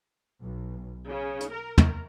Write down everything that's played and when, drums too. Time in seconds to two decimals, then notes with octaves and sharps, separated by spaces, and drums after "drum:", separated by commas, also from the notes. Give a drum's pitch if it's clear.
0.42 B1
1.08 C#3
1.41 drum: hi-hat
1.51 A#4
1.78 drum: tom